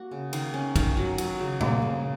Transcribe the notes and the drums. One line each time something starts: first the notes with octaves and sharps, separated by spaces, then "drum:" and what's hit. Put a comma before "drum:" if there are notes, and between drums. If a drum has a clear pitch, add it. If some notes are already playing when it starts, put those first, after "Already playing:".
Already playing: A#3 F#4
C#3
D#3, drum: cymbal
C#4
D#3, drum: kick, cymbal
F#3
F#3, drum: cymbal
C#3
A#3, drum: tom A#2
C#3